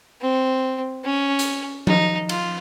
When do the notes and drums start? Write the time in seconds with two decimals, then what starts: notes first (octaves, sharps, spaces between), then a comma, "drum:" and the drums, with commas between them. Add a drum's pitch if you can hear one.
0.21 C4
1.04 C#4
1.39 drum: hi-hat
1.87 D#4, drum: tom F3
2.29 F4, drum: cymbal